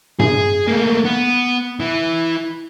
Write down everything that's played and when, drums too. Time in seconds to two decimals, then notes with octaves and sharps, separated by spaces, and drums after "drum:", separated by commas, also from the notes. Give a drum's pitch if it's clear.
0.19 G#4, drum: tom G2
0.68 A3 A#3
1.05 B3
1.80 E3